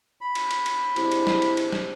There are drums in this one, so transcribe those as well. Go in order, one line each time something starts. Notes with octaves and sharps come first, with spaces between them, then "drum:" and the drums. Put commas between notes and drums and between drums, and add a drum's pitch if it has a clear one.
B5
drum: cymbal
drum: cymbal
drum: cymbal
C3 G#3 D4 E4, drum: cymbal
drum: cymbal
drum: snare
drum: cymbal
drum: cymbal
drum: snare